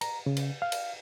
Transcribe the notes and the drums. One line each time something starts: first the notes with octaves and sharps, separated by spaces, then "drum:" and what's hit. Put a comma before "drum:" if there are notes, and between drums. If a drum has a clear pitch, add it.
A#5, drum: cymbal
C#3
drum: cymbal
F5
drum: cymbal